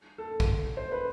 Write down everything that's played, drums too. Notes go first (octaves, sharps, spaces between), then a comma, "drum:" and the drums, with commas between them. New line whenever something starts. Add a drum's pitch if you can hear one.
A4
drum: kick
C5
B4